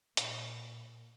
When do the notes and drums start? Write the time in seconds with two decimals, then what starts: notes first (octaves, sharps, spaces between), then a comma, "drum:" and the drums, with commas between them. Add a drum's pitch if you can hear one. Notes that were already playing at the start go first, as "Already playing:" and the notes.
0.17 A#2, drum: hi-hat